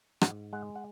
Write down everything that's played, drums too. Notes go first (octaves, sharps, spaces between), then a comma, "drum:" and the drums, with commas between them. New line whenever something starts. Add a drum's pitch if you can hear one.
G#2 F#5, drum: rim click
G#3 F#5
F#5